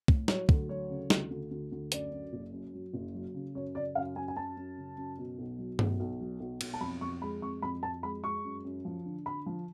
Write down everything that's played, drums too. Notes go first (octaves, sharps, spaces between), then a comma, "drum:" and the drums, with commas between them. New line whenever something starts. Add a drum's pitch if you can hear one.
A2, drum: kick
F#3 C#5, drum: snare
D2, drum: kick
F#3 C#5
C#3
D2, drum: snare
D2
D2
D2
F#2 D5, drum: hi-hat
F#2
F#1
F#2
F#3
F#1
F#3
C#3
F#2 C#5
C#3 D5
F#2 F5
F#2 G#5
G#5
F#2 A5
F#2
C#3
F#2
B2
B1
F#3
B1, drum: tom G2
B1
F#3
B1
B1, drum: cymbal
A5
F2 B5
F2 C#6
G#3 B5
F2 C#6
F2 B5
F2 A5
G#3 B5
G#3 C#6
F#2
F#2
F3
D3
D3 B5
F3